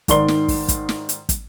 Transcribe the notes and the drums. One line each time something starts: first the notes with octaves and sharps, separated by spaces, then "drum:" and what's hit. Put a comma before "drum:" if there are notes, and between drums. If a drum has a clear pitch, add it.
G#2 D#3 D5 C6 G7, drum: kick, hi-hat
drum: snare
drum: kick, open hi-hat
drum: kick, hi-hat
drum: snare
drum: hi-hat
drum: kick, hi-hat